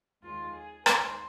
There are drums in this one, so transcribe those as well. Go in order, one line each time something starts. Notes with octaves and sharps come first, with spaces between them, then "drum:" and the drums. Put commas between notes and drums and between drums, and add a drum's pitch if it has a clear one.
D#2 D#3 G#3 F4
G#4
D#2 D#3 G#3 C5, drum: rim click